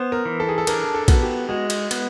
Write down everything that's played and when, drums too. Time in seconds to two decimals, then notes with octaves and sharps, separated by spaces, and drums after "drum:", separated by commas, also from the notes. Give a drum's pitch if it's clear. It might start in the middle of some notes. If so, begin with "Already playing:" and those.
Already playing: B3 C5
0.12 A#4
0.25 E3
0.40 A4
0.49 G#4
0.58 A4
0.67 D4 A#4, drum: cymbal
0.94 A4
1.08 B3 F#4, drum: kick, cymbal
1.22 G4
1.49 G#3 F#4
1.70 drum: cymbal
1.91 B3, drum: cymbal